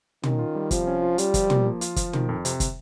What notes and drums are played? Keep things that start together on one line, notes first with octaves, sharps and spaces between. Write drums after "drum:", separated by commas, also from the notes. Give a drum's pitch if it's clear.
D#3 C#4, drum: tom
F4
G3
C3 F3, drum: kick, hi-hat
C#4
F4
G3 F4, drum: hi-hat
F3, drum: kick, hi-hat
A#3, drum: tom
F3
F4, drum: hi-hat
F3, drum: kick, hi-hat
D#3, drum: tom
F2
C3, drum: hi-hat
drum: kick, hi-hat